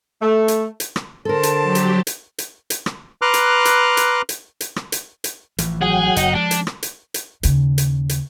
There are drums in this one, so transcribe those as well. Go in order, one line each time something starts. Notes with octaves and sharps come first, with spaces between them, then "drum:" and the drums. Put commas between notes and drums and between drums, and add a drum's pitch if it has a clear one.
A3
drum: hi-hat
drum: hi-hat
drum: rim click
D3 A4 A#4 C5 A5
drum: hi-hat
F#3 G4
drum: hi-hat
drum: hi-hat
drum: hi-hat
drum: hi-hat
drum: rim click
B4 A#5 C6 D6 F6 F#6
drum: hi-hat
drum: hi-hat
drum: hi-hat
drum: hi-hat
drum: hi-hat
drum: rim click
drum: hi-hat
drum: hi-hat
A1 E3 F3, drum: hi-hat
F#3 G#4 F#5 G5
F#1 D#4, drum: hi-hat
F3 G#3 D4
drum: hi-hat
drum: rim click
drum: hi-hat
drum: hi-hat
D#2 C#3, drum: hi-hat
drum: hi-hat
drum: hi-hat